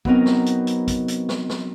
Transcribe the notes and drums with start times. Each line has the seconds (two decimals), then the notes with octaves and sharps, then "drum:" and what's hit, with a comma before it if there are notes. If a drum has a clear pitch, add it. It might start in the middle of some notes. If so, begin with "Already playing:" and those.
0.05 F#3 B3 C4 D#4 A#4, drum: kick
0.26 drum: snare
0.46 drum: hi-hat
0.67 drum: hi-hat
0.88 drum: kick, hi-hat
1.08 drum: hi-hat
1.29 drum: snare
1.49 drum: snare